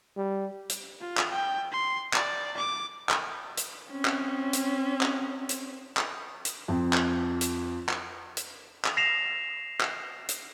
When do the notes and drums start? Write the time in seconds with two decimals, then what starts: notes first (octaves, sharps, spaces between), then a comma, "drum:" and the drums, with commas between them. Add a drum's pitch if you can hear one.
0.17 G3
0.70 drum: hi-hat
1.00 F4
1.17 drum: clap
1.31 G5
1.72 C6
2.13 D5, drum: clap
2.57 D6
3.09 drum: clap
3.57 drum: hi-hat
3.91 C4 C#4
4.05 drum: clap
4.53 drum: hi-hat
5.01 drum: clap
5.49 drum: hi-hat
5.97 drum: clap
6.45 drum: hi-hat
6.68 F2 F3 C4
6.93 drum: clap
7.41 drum: hi-hat
7.89 drum: clap
8.37 drum: hi-hat
8.85 drum: clap
8.97 A#6 C7 E7 F7
9.81 drum: clap
10.29 drum: hi-hat